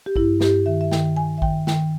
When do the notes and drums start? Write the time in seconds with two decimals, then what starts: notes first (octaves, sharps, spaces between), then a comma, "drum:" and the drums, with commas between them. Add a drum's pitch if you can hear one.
0.06 G4
0.16 G2 E4, drum: kick A1
0.41 G2 G4, drum: snare
0.66 D#3 E5
0.81 E5
0.92 D#3 G5, drum: snare
1.17 D#3 G#5
1.38 E5
1.42 D#3 G5, drum: kick A1
1.67 D#3 G5, drum: snare